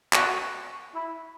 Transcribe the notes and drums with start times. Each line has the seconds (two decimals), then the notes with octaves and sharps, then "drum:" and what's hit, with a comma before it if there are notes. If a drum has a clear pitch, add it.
0.13 F#4, drum: clap
0.95 E4